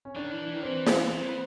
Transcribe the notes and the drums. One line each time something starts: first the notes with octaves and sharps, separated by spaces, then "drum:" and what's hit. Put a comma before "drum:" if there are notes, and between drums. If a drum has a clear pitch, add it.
C#4
D#3 D4
E3
E3
D#3
E3 C4
drum: snare
E3 C4
B3